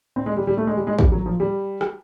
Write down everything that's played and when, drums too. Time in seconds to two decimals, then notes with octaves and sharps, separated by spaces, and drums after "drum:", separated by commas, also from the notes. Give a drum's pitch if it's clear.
0.16 C4
0.26 G#3
0.37 G3
0.47 G3
0.57 A3
0.67 G#3
0.77 G3
0.87 G#3
0.99 G3, drum: kick
1.12 F#3
1.26 F3
1.40 G3
1.81 drum: rim click